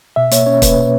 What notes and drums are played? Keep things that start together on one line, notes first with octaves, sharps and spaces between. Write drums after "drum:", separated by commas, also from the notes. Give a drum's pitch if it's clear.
B2 E5
A#3 C#5, drum: hi-hat
C#4 C#5
A#3 B4, drum: kick, hi-hat
B2